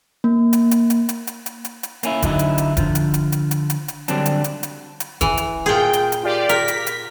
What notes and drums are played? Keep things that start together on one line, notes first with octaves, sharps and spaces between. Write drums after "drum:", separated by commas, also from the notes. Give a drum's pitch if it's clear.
A#3
drum: hi-hat
drum: hi-hat
drum: hi-hat
drum: hi-hat
drum: hi-hat
drum: hi-hat
drum: hi-hat
drum: hi-hat
A#3 C#4 E4, drum: hi-hat
D3 F#3 D#4 E4, drum: kick E1, hi-hat
drum: hi-hat
drum: hi-hat
D3 F3, drum: kick E1, hi-hat
drum: hi-hat
drum: hi-hat
drum: hi-hat
drum: hi-hat
drum: hi-hat
drum: hi-hat
D3 F#3 G3 C4 D4, drum: hi-hat
drum: hi-hat
drum: hi-hat
drum: hi-hat
drum: hi-hat
E3, drum: kick E1, hi-hat
drum: hi-hat
A#2 G#4 G5
drum: hi-hat
drum: hi-hat
F4 G4 D5
A#4 B6, drum: hi-hat
drum: hi-hat
drum: hi-hat